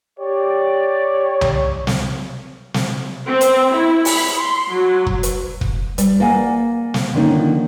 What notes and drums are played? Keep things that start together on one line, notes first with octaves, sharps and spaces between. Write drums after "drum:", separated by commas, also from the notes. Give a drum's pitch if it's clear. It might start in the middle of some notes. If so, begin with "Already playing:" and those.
G4 C#5 D5
drum: tom C2
drum: snare
drum: snare
C4
drum: hi-hat
E4
B5, drum: open hi-hat
C6
F#3
drum: kick
drum: hi-hat
drum: kick
G3, drum: hi-hat
A#3 D5 F5 F#5 G#5
drum: snare
D3 D#3 F3 A#3 C#4 D#4